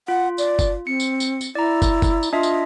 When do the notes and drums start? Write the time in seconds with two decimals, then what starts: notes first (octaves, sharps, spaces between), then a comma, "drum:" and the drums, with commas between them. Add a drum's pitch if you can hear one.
0.08 F4 F#5
0.38 D5, drum: tambourine
0.59 drum: kick, tambourine
0.87 C4 C#7
1.00 drum: tambourine
1.20 drum: tambourine
1.41 drum: tambourine
1.55 E4 D5 A#5
1.82 drum: kick, tambourine
2.02 drum: kick, tambourine
2.23 drum: tambourine
2.33 D4 F4 D#5 E5
2.43 drum: tambourine